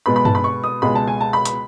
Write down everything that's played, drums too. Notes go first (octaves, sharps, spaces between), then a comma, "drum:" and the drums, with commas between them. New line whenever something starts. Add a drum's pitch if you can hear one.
B2 G#3 B3 B5
B5
A5, drum: tom G2
B5
C#6
D#6
C#2 B2 G#3 B5
A5
G#5
A5
B5
B5, drum: hi-hat